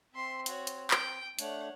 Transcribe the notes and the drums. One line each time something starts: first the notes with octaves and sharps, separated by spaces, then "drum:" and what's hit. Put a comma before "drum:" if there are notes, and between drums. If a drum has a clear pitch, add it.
C4 E5 C6
F#4 C#5, drum: hi-hat
drum: hi-hat
G5, drum: clap
A3 D4 C#5 F#5, drum: hi-hat